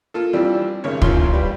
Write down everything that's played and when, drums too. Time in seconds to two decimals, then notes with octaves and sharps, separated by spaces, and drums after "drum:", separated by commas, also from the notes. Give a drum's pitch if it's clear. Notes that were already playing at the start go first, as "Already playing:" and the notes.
0.14 A#3 F4 A4
0.33 E3 F3 G3 C4 D4
0.84 G#1 C#3 A#3 C#5
1.02 A1 D#2 A#3 C#4 F4 C6, drum: kick
1.33 G3 B4